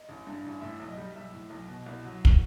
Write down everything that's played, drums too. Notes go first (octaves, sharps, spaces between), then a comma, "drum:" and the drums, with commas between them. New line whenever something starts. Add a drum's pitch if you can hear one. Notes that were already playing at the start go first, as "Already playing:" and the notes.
Already playing: D#5
A1
G2
A1
A2 E5
B1
D#5
G3
B1 E5
A2
B1
B2
C2
F#3
drum: kick